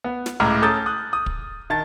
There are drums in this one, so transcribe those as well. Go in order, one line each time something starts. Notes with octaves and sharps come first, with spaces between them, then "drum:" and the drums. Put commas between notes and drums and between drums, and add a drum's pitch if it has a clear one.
B3
drum: snare
C#2 A2 A#5 D6 F6
C#4 A4 A#5 D#6 G6 A6
D#6 F#6
D#6
drum: kick
D#3 A5 A6